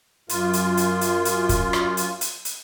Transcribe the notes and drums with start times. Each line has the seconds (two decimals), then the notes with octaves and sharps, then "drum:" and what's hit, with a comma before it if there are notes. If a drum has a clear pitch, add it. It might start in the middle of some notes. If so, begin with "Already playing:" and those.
0.29 F#2 F4, drum: hi-hat
0.53 drum: hi-hat
0.77 drum: hi-hat
1.01 drum: hi-hat
1.25 drum: hi-hat
1.49 drum: kick, hi-hat
1.73 drum: rim click
1.97 drum: hi-hat
2.21 drum: hi-hat
2.45 drum: hi-hat